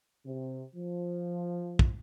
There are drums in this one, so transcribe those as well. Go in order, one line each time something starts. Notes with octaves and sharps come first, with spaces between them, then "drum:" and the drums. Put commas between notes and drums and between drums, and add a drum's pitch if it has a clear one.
C3
F3
drum: kick